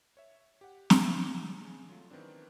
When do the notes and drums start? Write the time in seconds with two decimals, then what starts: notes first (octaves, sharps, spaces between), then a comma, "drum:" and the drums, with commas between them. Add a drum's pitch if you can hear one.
0.17 C#5 E5
0.61 G4 F#5
0.90 drum: snare
1.61 C#3 G#3
1.89 F#3 A3 F4
2.10 D#3 E3 B3 C4 D4